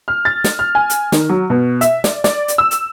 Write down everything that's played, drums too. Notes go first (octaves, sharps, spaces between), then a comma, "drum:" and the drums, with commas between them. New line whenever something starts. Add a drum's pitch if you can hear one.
F6
A6
drum: snare
F6
G#5
drum: hi-hat
D#3, drum: snare
F#3
B2
E5, drum: hi-hat
D5, drum: snare
D5, drum: snare
drum: hi-hat
E6
drum: hi-hat